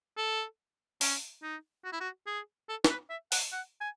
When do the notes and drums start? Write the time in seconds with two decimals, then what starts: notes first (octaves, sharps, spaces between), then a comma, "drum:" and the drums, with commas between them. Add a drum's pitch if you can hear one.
0.17 A4
1.01 C#4, drum: open hi-hat
1.43 D#4
1.84 F#4
1.93 E4
2.01 F#4
2.27 G#4
2.69 A4
2.84 A4, drum: snare
2.90 B4
3.10 E5
3.32 F#5, drum: open hi-hat
3.52 F#5
3.81 G#5